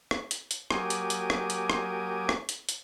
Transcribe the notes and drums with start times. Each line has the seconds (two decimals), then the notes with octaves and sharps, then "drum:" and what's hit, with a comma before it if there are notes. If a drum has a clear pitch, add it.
0.11 drum: rim click
0.31 drum: hi-hat
0.51 drum: hi-hat
0.71 F#3 A#3 G4 G#5 D6 D#6, drum: rim click
0.90 drum: hi-hat
1.10 drum: hi-hat
1.30 drum: rim click
1.50 drum: hi-hat
1.70 drum: rim click
2.29 drum: rim click
2.49 drum: hi-hat
2.69 drum: hi-hat